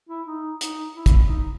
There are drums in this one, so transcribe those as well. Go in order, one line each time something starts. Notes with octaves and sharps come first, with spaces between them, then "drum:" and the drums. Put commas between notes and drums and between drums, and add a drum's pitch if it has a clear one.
E4
D#4
D#4, drum: hi-hat
E4
drum: kick, hi-hat
D#4